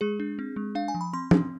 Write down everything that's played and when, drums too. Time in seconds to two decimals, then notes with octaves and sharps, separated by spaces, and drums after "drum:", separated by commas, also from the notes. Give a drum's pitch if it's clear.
0.01 G#3 G#4
0.20 D4
0.39 C4
0.56 G#3
0.75 D4 F5
0.88 G#5
0.95 F3
1.01 B5
1.13 C4 C6
1.31 C4, drum: tom